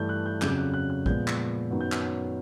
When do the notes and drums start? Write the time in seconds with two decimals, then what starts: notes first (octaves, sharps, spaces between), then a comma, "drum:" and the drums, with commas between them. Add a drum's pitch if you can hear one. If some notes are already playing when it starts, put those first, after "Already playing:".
Already playing: G2 E3 A3 G6
0.09 F#6
0.26 G6
0.42 F2 C#3 F#3 G6, drum: clap
0.58 F#6
0.74 F#6
0.90 F#6
1.06 A#2 F3 G#3 B3 G6, drum: kick
1.28 drum: clap
1.70 F#2 D#3 F#3 B3
1.81 G6
1.92 drum: clap